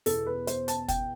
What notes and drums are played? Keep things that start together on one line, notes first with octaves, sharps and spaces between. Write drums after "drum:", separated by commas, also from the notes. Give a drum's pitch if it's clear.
E2 B2 A4, drum: open hi-hat
B4
C5, drum: hi-hat
A5, drum: hi-hat
G5, drum: kick, hi-hat